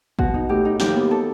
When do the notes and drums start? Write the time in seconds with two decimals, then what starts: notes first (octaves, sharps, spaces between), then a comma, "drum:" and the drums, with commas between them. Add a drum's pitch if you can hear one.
0.19 B2 F#4, drum: kick A1
0.34 D#4
0.49 A2 G4
0.65 D#4
0.80 D#2 G4, drum: snare
0.96 B3
1.11 A4